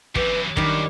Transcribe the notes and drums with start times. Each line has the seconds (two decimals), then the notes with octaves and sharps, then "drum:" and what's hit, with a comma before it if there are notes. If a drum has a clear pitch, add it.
0.15 F#2 E3 G4 B4, drum: kick
0.57 F#2 D#3 G3 D6, drum: kick